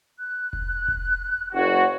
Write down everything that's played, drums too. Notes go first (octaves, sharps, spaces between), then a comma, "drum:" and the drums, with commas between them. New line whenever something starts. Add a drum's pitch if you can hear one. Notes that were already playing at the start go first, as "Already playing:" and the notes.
F#6
drum: kick F1
drum: kick F1
F#1 F#4 C#5